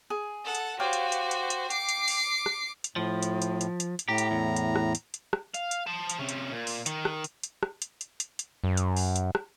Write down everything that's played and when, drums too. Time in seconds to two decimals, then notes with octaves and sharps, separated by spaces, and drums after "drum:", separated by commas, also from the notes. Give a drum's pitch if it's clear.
0.10 G#4
0.45 A4 F#5
0.55 drum: hi-hat
0.80 F#4 G4 C5 C#5 F5
0.93 drum: hi-hat
1.12 drum: hi-hat
1.31 drum: hi-hat
1.50 drum: hi-hat
1.70 D6 C7, drum: hi-hat
1.89 drum: hi-hat
2.08 drum: open hi-hat
2.46 drum: rim click
2.84 drum: hi-hat
2.96 A2 F3
3.23 drum: hi-hat
3.42 drum: hi-hat
3.61 drum: hi-hat
3.80 drum: hi-hat
3.99 drum: hi-hat
4.08 A2 G4 A#5
4.18 drum: hi-hat
4.31 E2
4.56 drum: hi-hat
4.76 drum: rim click
4.95 drum: hi-hat
5.14 drum: hi-hat
5.33 drum: rim click
5.54 F5, drum: hi-hat
5.71 drum: hi-hat
5.87 C5 A5
6.10 drum: hi-hat
6.19 C3 C#4
6.29 drum: hi-hat
6.52 A#2
6.67 drum: open hi-hat
6.86 D#3, drum: hi-hat
7.05 drum: rim click
7.24 drum: hi-hat
7.43 drum: hi-hat
7.63 drum: rim click
7.82 drum: hi-hat
8.01 drum: hi-hat
8.20 drum: hi-hat
8.39 drum: hi-hat
8.64 F#2
8.77 drum: hi-hat
8.97 drum: open hi-hat
9.16 drum: hi-hat
9.35 drum: rim click